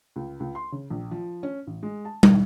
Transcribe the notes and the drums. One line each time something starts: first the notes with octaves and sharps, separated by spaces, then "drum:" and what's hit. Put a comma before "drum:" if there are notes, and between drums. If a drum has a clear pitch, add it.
C#2
C#2
C6
C#3
A#1
F3
C#4
A1
G#3
A5
B1, drum: tom